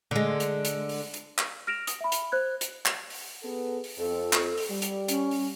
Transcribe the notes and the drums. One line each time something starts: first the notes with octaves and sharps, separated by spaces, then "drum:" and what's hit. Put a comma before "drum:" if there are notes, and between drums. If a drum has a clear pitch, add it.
D3 G#3
drum: hi-hat
drum: hi-hat
drum: open hi-hat
drum: hi-hat
drum: clap
F6 A#6 D7 E7 F7
D#6, drum: hi-hat
E5 B5
drum: hi-hat
C5 F#6 G#6
drum: hi-hat
drum: clap
drum: open hi-hat
B3 G#4 A4
drum: open hi-hat
F2 A4
drum: clap
drum: open hi-hat
G3
drum: hi-hat
C#4, drum: hi-hat
drum: open hi-hat